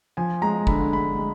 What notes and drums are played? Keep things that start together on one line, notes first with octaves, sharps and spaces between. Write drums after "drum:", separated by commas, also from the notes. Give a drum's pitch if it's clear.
F3 G#5
G#3 A#5
D3 B5, drum: kick
G#3 B5
G#3